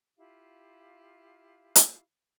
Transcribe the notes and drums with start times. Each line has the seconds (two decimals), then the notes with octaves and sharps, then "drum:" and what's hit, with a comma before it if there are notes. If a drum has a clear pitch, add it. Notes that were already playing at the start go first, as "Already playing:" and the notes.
0.18 E4 F4 G4 F5
1.76 drum: hi-hat